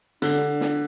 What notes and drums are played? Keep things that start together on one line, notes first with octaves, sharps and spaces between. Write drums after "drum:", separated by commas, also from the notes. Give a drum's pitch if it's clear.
D3 D4, drum: hi-hat
drum: snare